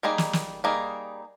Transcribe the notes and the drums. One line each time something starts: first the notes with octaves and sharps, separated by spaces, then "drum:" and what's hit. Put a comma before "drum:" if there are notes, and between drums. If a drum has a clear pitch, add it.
G3 A#3 D#4 G#4
drum: snare
drum: snare
G3 A#3 D#4 G#4